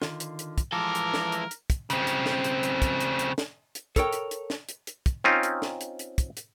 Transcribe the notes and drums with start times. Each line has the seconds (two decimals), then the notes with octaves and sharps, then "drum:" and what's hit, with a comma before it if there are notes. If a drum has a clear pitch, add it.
0.02 D3 D#3 F4, drum: snare
0.20 drum: hi-hat
0.39 drum: hi-hat
0.58 drum: kick, hi-hat
0.72 E3 F3 G#3 A4 A#4 D6
0.95 drum: hi-hat
1.14 drum: snare
1.32 drum: hi-hat
1.51 drum: hi-hat
1.70 drum: kick, hi-hat
1.90 C#3 C4, drum: hi-hat
2.07 drum: hi-hat
2.26 drum: snare
2.44 drum: hi-hat
2.63 drum: hi-hat
2.82 drum: kick, hi-hat
3.00 drum: hi-hat
3.19 drum: hi-hat
3.38 drum: snare
3.75 drum: hi-hat
3.96 A4 A#4 C#5 G5, drum: kick, hi-hat
4.13 drum: hi-hat
4.31 drum: hi-hat
4.50 drum: snare
4.69 drum: hi-hat
4.87 drum: hi-hat
5.06 drum: kick, hi-hat
5.24 C4 C#4 D#4 F4
5.43 drum: hi-hat
5.62 drum: snare
5.81 drum: hi-hat
5.99 drum: hi-hat
6.18 drum: kick, hi-hat
6.37 drum: hi-hat